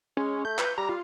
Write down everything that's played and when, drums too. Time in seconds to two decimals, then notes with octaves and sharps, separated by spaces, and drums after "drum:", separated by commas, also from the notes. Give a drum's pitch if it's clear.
0.17 G#3 C#4
0.45 A3 G6
0.59 B4, drum: clap
0.78 G3 A#5
0.89 F4